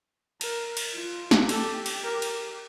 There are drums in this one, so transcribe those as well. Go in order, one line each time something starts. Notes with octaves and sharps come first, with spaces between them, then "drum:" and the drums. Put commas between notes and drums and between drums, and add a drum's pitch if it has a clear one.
A#4, drum: cymbal
drum: cymbal
F4
drum: snare
G4 A4, drum: cymbal
drum: cymbal
A#4
drum: cymbal